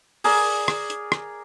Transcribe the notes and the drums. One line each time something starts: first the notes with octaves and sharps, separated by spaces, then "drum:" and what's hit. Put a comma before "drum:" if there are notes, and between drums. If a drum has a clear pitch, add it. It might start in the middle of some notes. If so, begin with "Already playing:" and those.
G#4 A#4 D5, drum: open hi-hat
drum: rim click
drum: hi-hat
drum: rim click